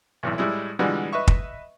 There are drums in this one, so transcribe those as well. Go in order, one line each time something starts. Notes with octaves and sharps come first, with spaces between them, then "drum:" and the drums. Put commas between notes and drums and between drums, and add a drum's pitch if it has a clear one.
B1 E2 A2
A2 G3 G#3 E4
A#2 D3 E3 G3 G#3 B3
B4 D#5 E5 C#6
drum: kick